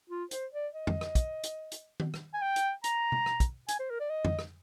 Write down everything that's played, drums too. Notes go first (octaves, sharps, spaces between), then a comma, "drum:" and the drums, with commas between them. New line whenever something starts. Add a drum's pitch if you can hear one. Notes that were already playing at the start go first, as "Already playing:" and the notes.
F4
C5, drum: hi-hat
D5
D#5
drum: tom F2
drum: rim click
drum: kick, hi-hat
drum: hi-hat
drum: hi-hat
drum: tom D#3
drum: rim click
G#5
G5
drum: hi-hat
A#5, drum: hi-hat
drum: tom B2
drum: rim click
drum: kick, hi-hat
G#5, drum: hi-hat
C5
A#4
D5
D#5
drum: tom F2
drum: rim click